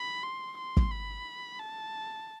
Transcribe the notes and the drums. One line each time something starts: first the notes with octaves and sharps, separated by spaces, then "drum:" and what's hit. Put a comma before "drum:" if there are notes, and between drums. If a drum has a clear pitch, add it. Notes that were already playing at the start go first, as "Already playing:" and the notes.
Already playing: B5
C6
C6
drum: kick
B5
A5